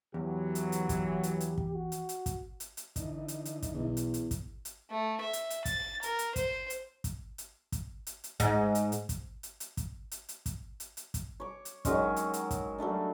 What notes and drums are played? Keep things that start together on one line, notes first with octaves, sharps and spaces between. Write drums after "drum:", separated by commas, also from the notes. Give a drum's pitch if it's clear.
E2 E3 F#3 G4
drum: hi-hat
drum: hi-hat
drum: kick, hi-hat
drum: hi-hat
drum: hi-hat
drum: kick
F#4
drum: hi-hat
drum: hi-hat
drum: kick, hi-hat
drum: hi-hat
drum: hi-hat
D3 E3 D#4, drum: kick, hi-hat
drum: hi-hat
drum: hi-hat
drum: kick, hi-hat
B1 E2
drum: hi-hat
drum: hi-hat
drum: kick, hi-hat
drum: hi-hat
A3
E5
drum: hi-hat
drum: hi-hat
A6, drum: kick, hi-hat
A#4, drum: hi-hat
drum: hi-hat
C5, drum: kick, hi-hat
drum: hi-hat
drum: kick, hi-hat
drum: hi-hat
drum: kick, hi-hat
drum: hi-hat
drum: hi-hat
G#2, drum: kick, hi-hat
drum: hi-hat
drum: hi-hat
drum: kick, hi-hat
drum: hi-hat
drum: hi-hat
drum: kick, hi-hat
drum: hi-hat
drum: hi-hat
drum: kick, hi-hat
drum: hi-hat
drum: hi-hat
drum: kick, hi-hat
C#5 D6
drum: hi-hat
D#3 F#3 G#3 C#4, drum: kick, hi-hat
drum: hi-hat
drum: hi-hat
drum: kick, hi-hat
F#3 G3 A3 D4